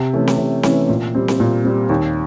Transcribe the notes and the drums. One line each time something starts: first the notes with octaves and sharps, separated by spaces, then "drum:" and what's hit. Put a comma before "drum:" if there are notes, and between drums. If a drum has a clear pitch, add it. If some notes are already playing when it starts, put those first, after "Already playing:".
Already playing: C3
E3 A3 C#4
drum: snare C4
C3
E3 A3 C#4, drum: snare C4
A#2
G3 C4
drum: snare C4
A#2
G3 C4
D#2